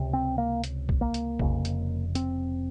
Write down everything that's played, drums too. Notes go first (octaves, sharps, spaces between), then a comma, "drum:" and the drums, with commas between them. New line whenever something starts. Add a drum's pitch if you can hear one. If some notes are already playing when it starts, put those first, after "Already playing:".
Already playing: C#2 C3
C4
A#3
drum: hi-hat
drum: kick A#1
A#3
drum: hi-hat
F1 F2 C#3, drum: kick A#1
drum: hi-hat
C4, drum: hi-hat